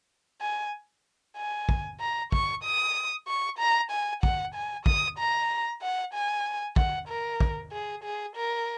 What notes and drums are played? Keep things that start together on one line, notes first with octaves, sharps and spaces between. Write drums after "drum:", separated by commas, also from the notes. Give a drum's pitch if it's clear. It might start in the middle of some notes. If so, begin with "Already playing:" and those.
G#5
G#5
drum: kick
A#5
C#6, drum: kick
D#6
C#6
A#5
G#5
F#5, drum: kick
G#5
D#6, drum: kick
A#5
F#5
G#5
F#5, drum: kick
A#4
drum: kick
G#4
G#4
A#4